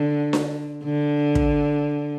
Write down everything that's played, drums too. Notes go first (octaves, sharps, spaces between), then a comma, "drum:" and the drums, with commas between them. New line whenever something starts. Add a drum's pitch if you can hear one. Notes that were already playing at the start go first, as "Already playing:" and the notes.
Already playing: D3
drum: snare D4
D3
drum: kick